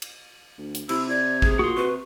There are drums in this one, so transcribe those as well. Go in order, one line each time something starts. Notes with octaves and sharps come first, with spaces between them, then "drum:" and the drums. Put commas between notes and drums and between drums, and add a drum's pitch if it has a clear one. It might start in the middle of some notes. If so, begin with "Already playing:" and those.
drum: cymbal
D2
drum: hi-hat
C3 E4 E6, drum: cymbal
D5 G#6
G#4, drum: kick A1
A#2 F#4 C6 D#6
C3 B4 C#6